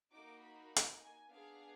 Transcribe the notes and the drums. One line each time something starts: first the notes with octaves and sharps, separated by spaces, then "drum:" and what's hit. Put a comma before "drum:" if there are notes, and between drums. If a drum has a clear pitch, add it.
A#3 D#4 F#4 D6
B5
drum: hi-hat
G#5
B3 D4 G#4 F5